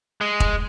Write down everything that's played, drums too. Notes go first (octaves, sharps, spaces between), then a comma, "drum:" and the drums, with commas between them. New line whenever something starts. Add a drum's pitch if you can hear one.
G#3
drum: kick F1